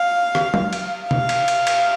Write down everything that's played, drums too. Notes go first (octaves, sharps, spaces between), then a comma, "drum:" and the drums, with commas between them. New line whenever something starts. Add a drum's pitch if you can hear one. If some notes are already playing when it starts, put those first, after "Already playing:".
Already playing: F5
drum: rim click
drum: tom F#3
drum: cymbal
F5, drum: tom B2
drum: cymbal
drum: cymbal
drum: cymbal